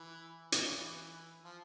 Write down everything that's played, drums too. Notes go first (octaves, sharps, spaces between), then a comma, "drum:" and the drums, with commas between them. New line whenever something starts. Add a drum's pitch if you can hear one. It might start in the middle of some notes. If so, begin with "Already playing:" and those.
Already playing: E3
E3, drum: hi-hat
F3